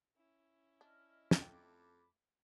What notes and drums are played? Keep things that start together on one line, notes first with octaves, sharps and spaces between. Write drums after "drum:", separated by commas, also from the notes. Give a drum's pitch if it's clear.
C#4 E4
D4 D#5 F6
drum: snare
F2 A3 G5 A5 B5 D6